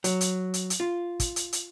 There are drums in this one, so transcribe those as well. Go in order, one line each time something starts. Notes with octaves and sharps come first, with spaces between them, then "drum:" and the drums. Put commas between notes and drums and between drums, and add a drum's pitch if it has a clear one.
F#3, drum: hi-hat
drum: hi-hat
drum: hi-hat
drum: hi-hat
F4
drum: kick, hi-hat
drum: hi-hat
drum: hi-hat